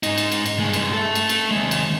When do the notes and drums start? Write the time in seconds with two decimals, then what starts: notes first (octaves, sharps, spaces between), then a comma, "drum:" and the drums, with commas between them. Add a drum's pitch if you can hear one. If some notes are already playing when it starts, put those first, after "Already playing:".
0.03 G#2 D#4, drum: cymbal
0.18 drum: cymbal
0.32 drum: cymbal
0.46 drum: cymbal
0.60 G2 G#3
0.74 drum: cymbal
0.93 A4 E5
1.15 drum: cymbal
1.29 drum: cymbal
1.51 D#2 G#3
1.71 drum: cymbal